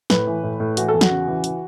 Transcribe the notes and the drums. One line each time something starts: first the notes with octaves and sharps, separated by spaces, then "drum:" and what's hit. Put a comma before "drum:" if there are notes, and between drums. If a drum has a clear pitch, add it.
A2 B4, drum: snare
E3
A2
A2
E3 F#4, drum: hi-hat
A4
E2
F#4, drum: snare
C#3
E3
E3, drum: hi-hat